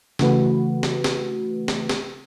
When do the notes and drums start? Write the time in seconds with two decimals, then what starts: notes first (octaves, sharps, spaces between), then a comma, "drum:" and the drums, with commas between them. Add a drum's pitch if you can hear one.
0.19 C#3 E3 A3 F#4 B4, drum: snare
0.83 drum: snare
1.04 drum: snare
1.68 drum: snare
1.89 drum: snare